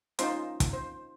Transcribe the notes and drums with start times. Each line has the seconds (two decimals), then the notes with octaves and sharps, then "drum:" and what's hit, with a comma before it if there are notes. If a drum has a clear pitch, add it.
0.19 C#4 D#4 F4 C5 C6, drum: hi-hat
0.60 drum: kick, hi-hat
0.73 C5